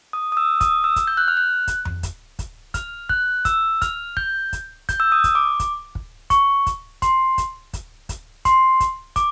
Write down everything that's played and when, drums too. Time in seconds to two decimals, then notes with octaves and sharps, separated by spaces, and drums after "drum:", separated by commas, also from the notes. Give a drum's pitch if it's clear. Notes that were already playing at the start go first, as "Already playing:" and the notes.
0.13 D#6
0.32 D#6
0.37 E6
0.61 D#6, drum: kick, hi-hat
0.84 E6
0.96 drum: kick, hi-hat
1.07 G6
1.17 F#6
1.28 F6
1.37 F#6
1.67 drum: kick, hi-hat
1.85 drum: tom F2
2.03 drum: kick, hi-hat
2.39 drum: kick, hi-hat
2.74 F6, drum: kick, hi-hat
3.09 F#6, drum: kick
3.45 E6, drum: kick, hi-hat
3.82 F6, drum: kick, hi-hat
4.17 G6, drum: kick
4.53 drum: kick, hi-hat
4.89 G6, drum: kick, hi-hat
5.00 E6
5.12 D#6
5.24 drum: kick, hi-hat
5.35 D6
5.60 drum: kick, hi-hat
5.95 drum: kick
6.30 C#6, drum: kick, hi-hat
6.67 drum: kick, hi-hat
7.02 C6, drum: kick, hi-hat
7.38 drum: kick, hi-hat
7.73 drum: kick, hi-hat
8.09 drum: kick, hi-hat
8.45 C6, drum: kick, hi-hat
8.80 drum: kick, hi-hat
9.16 D6, drum: kick, hi-hat